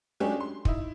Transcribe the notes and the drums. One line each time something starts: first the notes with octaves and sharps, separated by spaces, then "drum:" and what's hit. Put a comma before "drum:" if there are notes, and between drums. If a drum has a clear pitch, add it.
F#3 G#3 A3 C#4 D4 G4
C6
D#4 E4, drum: kick